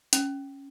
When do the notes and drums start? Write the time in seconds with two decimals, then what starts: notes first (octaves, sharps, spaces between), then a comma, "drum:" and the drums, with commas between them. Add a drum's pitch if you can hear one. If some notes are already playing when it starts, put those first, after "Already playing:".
0.13 C#4, drum: hi-hat